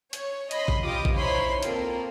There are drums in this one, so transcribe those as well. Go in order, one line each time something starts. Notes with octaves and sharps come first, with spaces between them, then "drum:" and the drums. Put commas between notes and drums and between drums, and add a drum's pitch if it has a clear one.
C#5, drum: hi-hat
D#5 B5 C6, drum: hi-hat
drum: kick A1
F4 G4 D#5 D6 D#6
drum: kick A1
D#4 E4 C5 C#5 B5 C6
A#3 C4 F4 A4 A#4, drum: hi-hat